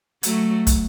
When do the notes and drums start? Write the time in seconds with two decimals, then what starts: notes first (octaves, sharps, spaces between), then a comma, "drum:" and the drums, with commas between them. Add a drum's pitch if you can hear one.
0.23 F#3 A3, drum: hi-hat
0.67 drum: kick, hi-hat